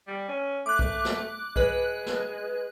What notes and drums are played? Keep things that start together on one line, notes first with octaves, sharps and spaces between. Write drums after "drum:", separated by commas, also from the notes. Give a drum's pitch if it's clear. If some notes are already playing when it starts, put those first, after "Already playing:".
G3
C#4
A3 D6 F#6
drum: kick B1
drum: snare
G#3 B4 F#6, drum: kick B1
drum: snare